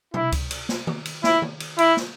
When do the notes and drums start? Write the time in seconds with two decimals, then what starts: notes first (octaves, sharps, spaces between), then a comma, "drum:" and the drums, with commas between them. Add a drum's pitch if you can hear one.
0.14 E4, drum: tom B2
0.32 drum: kick C#2, cymbal
0.51 drum: cymbal
0.69 drum: snare
0.87 drum: tom D#3
1.05 drum: cymbal
1.24 E4, drum: snare
1.42 drum: tom D#3
1.60 drum: cymbal
1.79 E4, drum: cymbal
1.97 drum: snare